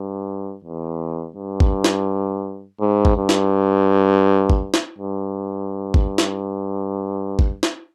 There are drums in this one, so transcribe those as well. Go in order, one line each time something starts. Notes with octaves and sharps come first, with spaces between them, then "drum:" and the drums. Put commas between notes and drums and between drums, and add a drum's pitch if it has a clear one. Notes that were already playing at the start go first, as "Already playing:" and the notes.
Already playing: G2
E2
G2
drum: kick
drum: snare
G#2
drum: kick
G2
drum: snare
drum: kick
drum: snare
G2
drum: kick
drum: snare
drum: kick
drum: snare